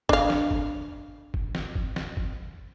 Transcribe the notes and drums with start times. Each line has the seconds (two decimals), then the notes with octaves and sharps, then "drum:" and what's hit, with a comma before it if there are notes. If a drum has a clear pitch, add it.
0.09 D4 F5, drum: kick
0.30 drum: snare
0.51 drum: kick
1.34 drum: kick
1.55 drum: snare
1.75 drum: kick
1.96 drum: snare
2.17 drum: kick